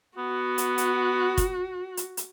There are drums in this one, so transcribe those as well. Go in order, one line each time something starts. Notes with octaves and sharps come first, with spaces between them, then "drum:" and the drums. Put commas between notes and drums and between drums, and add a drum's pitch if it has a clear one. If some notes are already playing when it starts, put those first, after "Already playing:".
B3 F#4
drum: hi-hat
drum: hi-hat
drum: kick, hi-hat
drum: hi-hat
drum: hi-hat